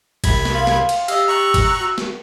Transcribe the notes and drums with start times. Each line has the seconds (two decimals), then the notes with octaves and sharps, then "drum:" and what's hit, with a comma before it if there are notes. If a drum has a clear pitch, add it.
0.24 C2 B5 G#6, drum: kick, cymbal
0.45 drum: snare
0.54 F5 C6
0.67 drum: snare
0.89 drum: cymbal
1.08 G4 D#5 F5 E6, drum: cymbal
1.28 A#5 C#6 F#6
1.54 drum: kick, cymbal
1.80 F#4
1.98 drum: snare